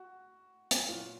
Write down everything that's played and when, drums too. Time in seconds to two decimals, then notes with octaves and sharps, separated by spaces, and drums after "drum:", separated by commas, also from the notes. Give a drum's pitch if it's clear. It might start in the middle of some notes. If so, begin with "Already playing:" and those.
Already playing: F#4
0.71 drum: hi-hat
0.89 A#2 F#3 F4